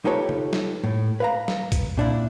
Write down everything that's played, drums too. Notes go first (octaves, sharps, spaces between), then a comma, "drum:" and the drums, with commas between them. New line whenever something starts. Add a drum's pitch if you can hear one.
D#4 F4 G4 A4 B4 C#5
drum: tom
drum: snare
A2
B4 F5 A#5
drum: snare
drum: kick C2, hi-hat
A#2 D4 E4